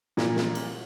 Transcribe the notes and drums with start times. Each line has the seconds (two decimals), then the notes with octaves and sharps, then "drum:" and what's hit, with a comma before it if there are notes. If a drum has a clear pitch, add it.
0.17 A#2, drum: snare
0.36 drum: snare
0.55 drum: cymbal